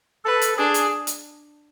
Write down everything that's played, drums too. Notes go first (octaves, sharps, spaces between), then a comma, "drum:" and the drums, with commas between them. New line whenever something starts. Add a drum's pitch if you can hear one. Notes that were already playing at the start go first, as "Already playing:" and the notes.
A4 B4
drum: hi-hat
D4 G#4
drum: hi-hat
drum: hi-hat